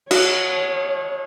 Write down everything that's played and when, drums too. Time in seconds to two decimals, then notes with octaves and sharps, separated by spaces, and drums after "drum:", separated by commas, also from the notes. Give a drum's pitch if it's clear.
0.11 F#4 C#5, drum: cymbal